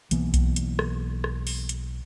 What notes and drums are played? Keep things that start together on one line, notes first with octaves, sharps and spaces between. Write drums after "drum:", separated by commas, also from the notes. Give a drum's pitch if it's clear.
B1 E3 A#3 B3, drum: hi-hat
drum: kick B1, hi-hat
drum: hi-hat
drum: rim click
drum: rim click
drum: open hi-hat
drum: hi-hat